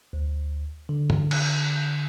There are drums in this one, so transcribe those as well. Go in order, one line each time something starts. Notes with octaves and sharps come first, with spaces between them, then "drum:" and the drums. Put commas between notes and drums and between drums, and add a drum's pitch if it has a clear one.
D2
D3
drum: tom G2
drum: cymbal